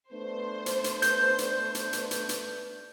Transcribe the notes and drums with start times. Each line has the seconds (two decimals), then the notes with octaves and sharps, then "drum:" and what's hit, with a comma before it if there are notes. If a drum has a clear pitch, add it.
0.13 A3 B3 D4 C5
0.66 drum: hi-hat
0.84 drum: hi-hat
1.02 G6, drum: hi-hat
1.38 drum: hi-hat
1.75 drum: hi-hat
1.93 drum: hi-hat
2.11 drum: hi-hat
2.29 drum: hi-hat